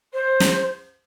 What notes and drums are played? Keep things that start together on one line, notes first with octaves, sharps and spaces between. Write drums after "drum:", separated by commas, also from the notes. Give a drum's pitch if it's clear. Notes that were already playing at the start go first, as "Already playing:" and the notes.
C5
drum: snare